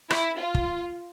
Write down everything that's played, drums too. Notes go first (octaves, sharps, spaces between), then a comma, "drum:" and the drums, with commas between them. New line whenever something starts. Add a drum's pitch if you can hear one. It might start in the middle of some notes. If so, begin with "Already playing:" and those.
E4, drum: rim click
F4
drum: kick